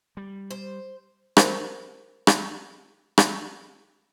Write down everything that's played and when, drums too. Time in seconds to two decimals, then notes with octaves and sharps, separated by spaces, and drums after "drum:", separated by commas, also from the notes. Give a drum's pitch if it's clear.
0.17 G3
0.51 C5
1.37 A#4 C5, drum: rim click
2.27 drum: rim click
3.18 drum: rim click